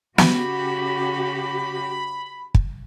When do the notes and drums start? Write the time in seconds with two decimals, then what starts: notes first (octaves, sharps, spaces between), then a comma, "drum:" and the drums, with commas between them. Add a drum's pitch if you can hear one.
0.18 C#3 F#4 G4 B5, drum: snare
2.55 drum: kick